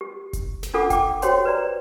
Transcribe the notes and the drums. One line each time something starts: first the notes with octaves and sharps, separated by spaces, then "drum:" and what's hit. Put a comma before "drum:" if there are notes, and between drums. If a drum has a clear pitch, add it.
G4
drum: kick F1, hi-hat
drum: snare
D4 F4 A4 F#5 D6
G5 D6, drum: kick F1, hi-hat
F#4 G4 C5 C#5 G5 C6, drum: hi-hat
B4 D5 A#5